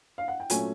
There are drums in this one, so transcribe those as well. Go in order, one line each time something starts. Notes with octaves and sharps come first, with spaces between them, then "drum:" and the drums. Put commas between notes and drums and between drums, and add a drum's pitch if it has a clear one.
F5
F#5
G5
A#2 F#3 A3 C#4 G#5, drum: hi-hat